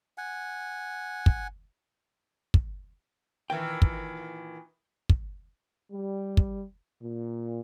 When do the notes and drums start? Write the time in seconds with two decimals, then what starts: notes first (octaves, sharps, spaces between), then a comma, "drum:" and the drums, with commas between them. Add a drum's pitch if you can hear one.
0.18 F#5 G#5
1.26 drum: kick
2.54 drum: kick
3.50 A#2 D#3 E3 G5
3.82 drum: kick
5.09 drum: kick
5.92 G3
6.37 drum: kick
7.01 A#2